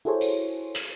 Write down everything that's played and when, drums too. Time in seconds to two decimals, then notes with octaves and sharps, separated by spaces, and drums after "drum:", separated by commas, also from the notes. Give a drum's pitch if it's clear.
0.05 E4 F#4 G#4 A4 C5 C#5
0.21 drum: tambourine
0.75 drum: hi-hat